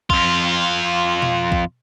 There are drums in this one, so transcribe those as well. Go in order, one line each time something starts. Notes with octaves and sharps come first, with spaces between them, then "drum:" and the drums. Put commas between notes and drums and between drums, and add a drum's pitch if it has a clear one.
F2 F4, drum: kick A#1
drum: tom B2
drum: kick A#1